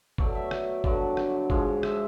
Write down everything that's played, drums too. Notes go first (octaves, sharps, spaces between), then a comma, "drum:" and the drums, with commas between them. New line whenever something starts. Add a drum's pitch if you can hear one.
B2 F#3 A3 D5, drum: kick
E5
drum: rim click
G2 D3 F#3 D5, drum: kick
drum: rim click
G#2 F3 G#3, drum: kick
E5, drum: rim click